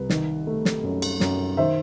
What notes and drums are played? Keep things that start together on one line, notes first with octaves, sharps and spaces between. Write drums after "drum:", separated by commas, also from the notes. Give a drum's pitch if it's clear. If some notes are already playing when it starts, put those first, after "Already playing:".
Already playing: C2 B4
D#3, drum: snare
A3
drum: snare
F#2
drum: cymbal
F#2, drum: snare
D#3 C5 E5